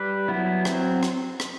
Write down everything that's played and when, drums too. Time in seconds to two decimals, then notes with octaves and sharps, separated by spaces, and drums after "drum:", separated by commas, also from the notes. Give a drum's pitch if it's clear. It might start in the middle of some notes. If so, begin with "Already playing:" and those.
Already playing: G3 B4
0.28 F#3 B3 E4
0.65 F#3 C4, drum: rim click
1.03 drum: rim click
1.40 drum: rim click